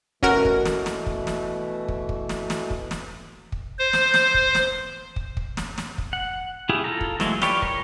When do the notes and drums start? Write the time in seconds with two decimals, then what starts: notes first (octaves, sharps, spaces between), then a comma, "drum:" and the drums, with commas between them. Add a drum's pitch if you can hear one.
0.23 B2 E3 A3 C#4 F#4 A#4, drum: kick
0.45 drum: kick
0.65 drum: snare
0.86 drum: snare
1.06 drum: kick
1.27 drum: snare
1.88 drum: kick
2.09 drum: kick
2.29 drum: snare
2.50 drum: snare
2.70 drum: kick
2.91 drum: snare
3.52 drum: kick
3.79 C5
3.93 drum: snare
4.14 drum: snare
4.34 drum: kick
4.55 drum: snare
5.16 drum: kick
5.37 drum: kick
5.57 drum: snare
5.78 drum: snare
5.98 drum: kick
6.13 F#5
6.69 E4 F4 G4 G#4
6.84 F4 A4 A#5
7.01 drum: kick
7.20 E3 F#3 G#3 A3, drum: snare
7.42 F4 G4 B4 C#5 D5, drum: snare
7.62 A#4 C#5, drum: kick